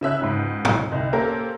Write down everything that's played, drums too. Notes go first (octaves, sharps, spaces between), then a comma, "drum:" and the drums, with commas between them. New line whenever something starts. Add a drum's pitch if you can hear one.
C#3 C#4 E5 F#6
C#2 G#2
drum: tom A2
C2 D#4
A#3 C#4 G4 A4 A#4 C5